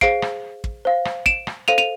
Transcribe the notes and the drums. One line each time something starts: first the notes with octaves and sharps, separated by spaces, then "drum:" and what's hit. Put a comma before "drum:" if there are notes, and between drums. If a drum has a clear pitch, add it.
G#4 C5 F5 C7 D7, drum: kick
drum: rim click
drum: kick
C5 F5
drum: rim click
D7 E7, drum: kick
drum: rim click
A4 C5 F5 D#7 F7
D#7 F7